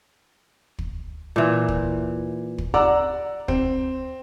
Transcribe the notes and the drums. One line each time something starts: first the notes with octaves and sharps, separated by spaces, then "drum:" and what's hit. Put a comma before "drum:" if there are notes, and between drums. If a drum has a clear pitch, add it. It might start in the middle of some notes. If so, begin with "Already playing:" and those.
drum: kick
A#2 E3
drum: kick
drum: kick
D5 F#5 A#5 D6 E6
C4, drum: kick